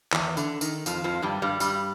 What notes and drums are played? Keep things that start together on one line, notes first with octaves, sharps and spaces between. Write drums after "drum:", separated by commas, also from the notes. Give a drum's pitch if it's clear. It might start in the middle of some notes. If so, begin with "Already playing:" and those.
E2 E3, drum: clap
D3, drum: tambourine
D#3, drum: tambourine
F2 F3, drum: tambourine
F2 F3
G2 G3
G2 G3
G2 G3, drum: tambourine